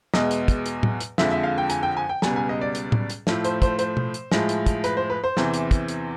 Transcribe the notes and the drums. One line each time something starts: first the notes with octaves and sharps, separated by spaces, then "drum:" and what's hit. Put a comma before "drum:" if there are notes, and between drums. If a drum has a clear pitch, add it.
E2 B2 G#3 D#5, drum: snare
drum: hi-hat
drum: kick, hi-hat
drum: hi-hat
drum: tom A2
drum: hi-hat
F2 D3 F3 G#3 E5, drum: snare
E5
F5
G5
G#5, drum: hi-hat
G5
G#5
G5
C#2 B2 G3 G#5, drum: snare
G#5
D#5
D5
drum: hi-hat
drum: tom A2
drum: hi-hat
A2 F3 A3, drum: snare
C5, drum: hi-hat
C5, drum: kick, hi-hat
C5, drum: hi-hat
drum: tom B2
drum: hi-hat
A2 F3 G#3, drum: snare
drum: hi-hat
drum: kick, hi-hat
B4, drum: hi-hat
C5
B4
C5
E2 C3 E3, drum: snare
drum: hi-hat
drum: kick, hi-hat
drum: hi-hat